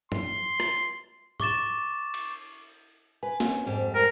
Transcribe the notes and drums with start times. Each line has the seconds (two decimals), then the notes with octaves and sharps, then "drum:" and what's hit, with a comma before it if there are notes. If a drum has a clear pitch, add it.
0.12 C6, drum: tom
0.60 drum: rim click
1.40 C#6 D6 A6 E7, drum: tom G#2
2.14 drum: cymbal
3.23 B4 G#5
3.40 C4 C#4, drum: snare
3.66 F2 G#2 G3
3.95 A#4